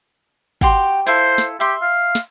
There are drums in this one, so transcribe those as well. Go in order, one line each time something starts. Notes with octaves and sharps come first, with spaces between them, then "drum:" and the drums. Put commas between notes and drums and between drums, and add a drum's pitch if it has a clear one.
F#4 G4 C6, drum: kick
E4 F4 A4 C5
drum: snare
G4 E5 C6
F5
drum: snare